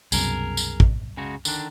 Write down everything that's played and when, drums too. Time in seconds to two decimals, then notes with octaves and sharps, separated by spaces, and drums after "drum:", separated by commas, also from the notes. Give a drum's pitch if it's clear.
0.12 C2 F#2 B2 G#4 A#4, drum: tambourine
0.57 drum: tambourine
0.80 drum: kick A1
1.17 C#3 G#3 F#4
1.45 D3 D#3 D4, drum: tambourine